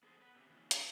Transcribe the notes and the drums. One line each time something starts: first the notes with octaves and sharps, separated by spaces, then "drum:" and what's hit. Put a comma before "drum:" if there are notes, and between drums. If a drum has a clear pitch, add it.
B3 G#4 A4 B4 C5
B3 B4
C3 C#4 G4 G#4 B4 E5
F3 A3 A#3 C#4 D#4
A#3 C4 C#5 G#5, drum: hi-hat